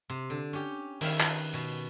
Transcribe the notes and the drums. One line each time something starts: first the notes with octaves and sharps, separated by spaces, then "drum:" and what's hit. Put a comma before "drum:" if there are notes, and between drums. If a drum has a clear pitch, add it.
C3
D3
C#4 G4
D#3 E4 E5 F5, drum: open hi-hat
B4 F5, drum: clap
B2